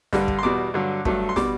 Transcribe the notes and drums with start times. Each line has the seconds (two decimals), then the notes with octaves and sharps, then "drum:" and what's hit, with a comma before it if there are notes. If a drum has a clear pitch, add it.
0.13 G2 D3 G3, drum: snare
0.28 drum: kick
0.39 C6
0.43 E2 B2 G3 D6
0.74 G2 D3 F#3
1.05 G2 F#3 A3, drum: kick
1.29 C6
1.36 B2 G3 D6, drum: snare